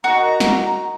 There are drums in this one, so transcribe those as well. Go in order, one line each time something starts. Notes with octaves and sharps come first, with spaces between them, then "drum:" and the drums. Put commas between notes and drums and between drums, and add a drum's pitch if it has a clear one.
D#3 D#4 F#4 A#5
drum: snare